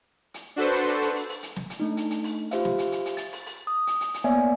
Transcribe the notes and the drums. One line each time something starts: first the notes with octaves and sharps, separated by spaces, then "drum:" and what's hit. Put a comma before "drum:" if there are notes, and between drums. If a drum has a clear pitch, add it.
drum: hi-hat
D4 F#4 A4 B4 C5
drum: hi-hat
drum: hi-hat
drum: hi-hat
drum: open hi-hat
drum: open hi-hat
drum: hi-hat
drum: snare
drum: hi-hat
A3 D4 D#4
drum: hi-hat
drum: hi-hat
drum: open hi-hat
F4 G4 C5 E5 F5, drum: hi-hat
drum: snare
drum: hi-hat
drum: hi-hat
drum: hi-hat
A6, drum: hi-hat
drum: open hi-hat
drum: open hi-hat
D#6
drum: hi-hat
drum: hi-hat
drum: hi-hat
A#3 B3 C#5 D5 E5 G#5